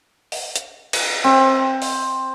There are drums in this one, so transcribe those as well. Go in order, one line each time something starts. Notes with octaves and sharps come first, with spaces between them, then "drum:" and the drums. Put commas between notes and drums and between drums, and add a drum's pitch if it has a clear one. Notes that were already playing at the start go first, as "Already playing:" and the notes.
drum: open hi-hat
drum: hi-hat
drum: cymbal
C4
drum: open hi-hat